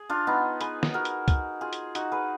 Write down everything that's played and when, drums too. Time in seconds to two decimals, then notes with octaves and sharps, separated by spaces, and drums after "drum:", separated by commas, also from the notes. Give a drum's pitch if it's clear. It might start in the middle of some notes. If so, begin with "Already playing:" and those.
Already playing: G#4
0.09 D4 F4
0.27 B3 D#4
0.61 G#4 B4, drum: hi-hat
0.83 drum: snare
0.94 F#4 A#4
1.05 drum: hi-hat
1.28 drum: kick C2, hi-hat
1.61 F4 G#4
1.73 drum: hi-hat
1.95 D#4 F#4, drum: hi-hat
2.12 G#4 B4